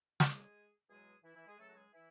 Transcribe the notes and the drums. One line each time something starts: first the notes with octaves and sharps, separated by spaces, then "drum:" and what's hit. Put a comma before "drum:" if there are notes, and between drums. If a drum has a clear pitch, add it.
D2 D3 F#3 G#3 G#4, drum: snare
E2 B2 F#3 G#3 G#4
E3 E4
E3 E4
G#3 G#4
C#2 C#3 F#3 A3 A4
F#4
G#3 G#4
E3 E4